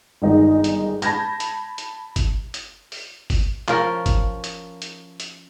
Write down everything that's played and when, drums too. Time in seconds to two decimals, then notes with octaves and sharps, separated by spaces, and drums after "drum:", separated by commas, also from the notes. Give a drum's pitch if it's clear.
0.22 G1 D#3 G#3 D#4 D#5
0.64 drum: hi-hat
1.02 A5 B5 G6 G#6 A#6, drum: hi-hat
1.40 drum: hi-hat
1.78 drum: hi-hat
2.16 drum: kick, hi-hat
2.54 drum: hi-hat
2.92 drum: open hi-hat
3.30 drum: kick, open hi-hat
3.68 F3 C#4 A#4, drum: clap
4.06 drum: kick, hi-hat
4.44 drum: hi-hat
4.82 drum: hi-hat
5.20 drum: hi-hat